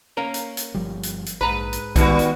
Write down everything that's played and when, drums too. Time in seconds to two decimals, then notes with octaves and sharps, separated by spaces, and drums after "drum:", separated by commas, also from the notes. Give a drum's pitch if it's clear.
0.17 A#3 C#4 A#4
0.34 drum: hi-hat
0.57 drum: hi-hat
0.74 G1 F3 G3
1.03 drum: hi-hat
1.26 drum: hi-hat
1.41 A#1 G#2 B4 A#5 B5
1.73 drum: hi-hat
1.96 G#1 D#3 G3 G#3 B3 F#4, drum: kick B1, hi-hat
2.19 drum: hi-hat